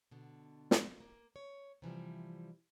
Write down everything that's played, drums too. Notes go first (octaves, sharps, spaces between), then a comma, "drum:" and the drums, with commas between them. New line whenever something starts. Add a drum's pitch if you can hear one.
B2 D3
drum: snare
A#3
C#5
C3 E3 F3 G3